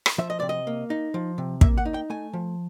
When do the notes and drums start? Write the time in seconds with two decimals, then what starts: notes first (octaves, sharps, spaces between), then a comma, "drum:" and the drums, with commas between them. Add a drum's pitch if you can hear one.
0.06 drum: rim click
0.18 F3 E5
0.30 D#5
0.40 C3 D5
0.49 D#5
0.67 A#3
0.90 D#4
1.14 F3
1.38 C3
1.61 A#3 E5, drum: kick
1.78 F#5
1.85 D#4
1.94 G5
2.10 A3 G#5
2.33 F3